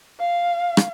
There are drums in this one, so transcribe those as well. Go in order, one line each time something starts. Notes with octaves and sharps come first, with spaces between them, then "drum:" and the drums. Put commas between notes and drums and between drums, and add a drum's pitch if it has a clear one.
F5
drum: rim click